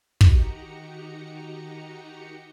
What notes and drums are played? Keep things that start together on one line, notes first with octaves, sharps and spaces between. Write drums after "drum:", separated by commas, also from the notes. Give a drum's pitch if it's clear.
D#3 D#4 F#4 G4 A#5 C#7, drum: kick